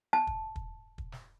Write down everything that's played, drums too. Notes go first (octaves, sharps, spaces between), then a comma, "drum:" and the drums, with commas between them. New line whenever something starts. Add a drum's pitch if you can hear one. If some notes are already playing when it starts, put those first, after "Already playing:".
A5
drum: kick
drum: kick
drum: kick
drum: snare